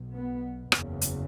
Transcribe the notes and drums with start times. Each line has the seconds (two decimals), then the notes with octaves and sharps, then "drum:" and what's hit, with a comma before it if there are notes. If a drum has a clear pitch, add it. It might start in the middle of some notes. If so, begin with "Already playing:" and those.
Already playing: B1 B2
0.14 B3
0.72 F#1 E2 C#3, drum: rim click
1.01 drum: hi-hat